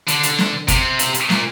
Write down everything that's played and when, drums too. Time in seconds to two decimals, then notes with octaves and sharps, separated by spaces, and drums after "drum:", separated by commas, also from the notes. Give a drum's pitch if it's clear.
0.08 D3, drum: hi-hat
0.23 drum: hi-hat
0.38 drum: snare
0.68 C3, drum: kick, hi-hat
0.99 drum: hi-hat
1.14 drum: hi-hat
1.30 A#2, drum: snare